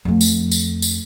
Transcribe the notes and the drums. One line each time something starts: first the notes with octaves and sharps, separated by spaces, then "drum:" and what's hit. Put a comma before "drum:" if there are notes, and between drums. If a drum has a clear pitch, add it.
F2 A3
drum: tambourine
drum: tambourine
drum: tambourine